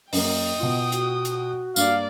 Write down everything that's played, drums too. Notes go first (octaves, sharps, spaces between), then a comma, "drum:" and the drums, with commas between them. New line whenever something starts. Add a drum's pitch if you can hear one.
F#2 A#3 D#5 G5 D#6, drum: open hi-hat
B2 F4
F#4, drum: hi-hat
drum: hi-hat
G2 A#3 D5 F5, drum: tambourine